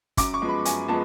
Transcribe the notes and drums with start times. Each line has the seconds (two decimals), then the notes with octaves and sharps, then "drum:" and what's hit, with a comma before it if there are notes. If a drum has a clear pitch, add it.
0.17 F#2 D6, drum: kick, hi-hat
0.34 C#6
0.42 F3 G#3 B3
0.49 B5
0.65 F#2 G#5, drum: hi-hat
0.88 F3 G#3 B3 A5